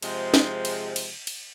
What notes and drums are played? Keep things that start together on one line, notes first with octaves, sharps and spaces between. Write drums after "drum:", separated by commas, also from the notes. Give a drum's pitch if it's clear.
C3 F3 G#3, drum: cymbal
drum: snare
drum: cymbal
drum: cymbal
drum: cymbal